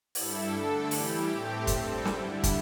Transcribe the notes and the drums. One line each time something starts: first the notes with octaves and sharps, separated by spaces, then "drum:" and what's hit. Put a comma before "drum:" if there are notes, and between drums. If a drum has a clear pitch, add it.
G2 G3 E4 A4, drum: open hi-hat
D3 A3 D4 A4
E3 G3 E4 G4, drum: open hi-hat
A2 A3 C4 G4
G2 G3 C4 A4, drum: kick, hi-hat
D3 G3 E4, drum: snare
drum: kick, hi-hat